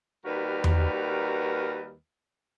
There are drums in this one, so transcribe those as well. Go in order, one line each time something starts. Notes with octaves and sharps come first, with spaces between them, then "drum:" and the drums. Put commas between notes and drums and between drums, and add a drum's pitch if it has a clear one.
D#2 G3 F#4 A#4 B4
drum: tom E2